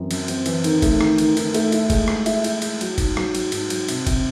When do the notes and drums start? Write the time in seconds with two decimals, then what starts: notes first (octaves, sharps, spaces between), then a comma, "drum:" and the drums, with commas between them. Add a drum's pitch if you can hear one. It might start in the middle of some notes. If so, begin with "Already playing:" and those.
Already playing: F#2 E3 C4
0.11 F#2, drum: cymbal
0.28 C4, drum: cymbal
0.46 E3, drum: cymbal
0.64 D#3, drum: cymbal
0.82 A3, drum: kick F#1, cymbal
1.01 D#3, drum: rim click
1.18 D#3, drum: cymbal
1.37 D#3, drum: cymbal
1.54 A3, drum: cymbal
1.72 E4, drum: cymbal
1.90 G#3, drum: kick F#1, cymbal
2.08 G#3, drum: rim click
2.26 E4, drum: cymbal
2.44 E4, drum: cymbal
2.62 G#3, drum: cymbal
2.81 F#3, drum: cymbal
2.98 G#2, drum: kick F#1, cymbal
3.17 F#3, drum: rim click
3.35 F#3, drum: cymbal
3.52 G#2, drum: cymbal
3.70 F#3, drum: cymbal
3.88 C3, drum: cymbal
4.07 C3, drum: kick F#1, cymbal